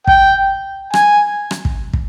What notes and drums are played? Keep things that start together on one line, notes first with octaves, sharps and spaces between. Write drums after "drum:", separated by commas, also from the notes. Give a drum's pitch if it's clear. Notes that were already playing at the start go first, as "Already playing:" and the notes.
G5, drum: kick
G#5, drum: rim click
drum: rim click
drum: kick
drum: kick